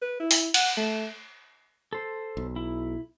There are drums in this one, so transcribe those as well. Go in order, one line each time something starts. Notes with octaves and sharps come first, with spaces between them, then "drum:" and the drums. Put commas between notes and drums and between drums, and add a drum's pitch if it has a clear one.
B4
E4
drum: open hi-hat
F#5, drum: cymbal
A3
A4 C5
B1
E4